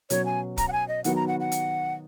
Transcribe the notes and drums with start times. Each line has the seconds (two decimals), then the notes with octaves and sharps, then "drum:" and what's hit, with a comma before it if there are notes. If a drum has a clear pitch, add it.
0.10 B2 F#3 C#4 F#4 C#5, drum: hi-hat
0.25 G#5
0.58 A#5, drum: kick, hi-hat
0.68 F#5
0.72 G#5
0.88 D#5
1.04 D#3 F#3 B3 F#4 F#5, drum: hi-hat
1.16 A#5
1.28 F#5
1.40 F#5
1.52 drum: hi-hat